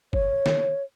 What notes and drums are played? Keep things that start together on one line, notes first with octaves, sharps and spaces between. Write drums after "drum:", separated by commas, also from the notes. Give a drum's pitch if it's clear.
C#5, drum: kick
drum: snare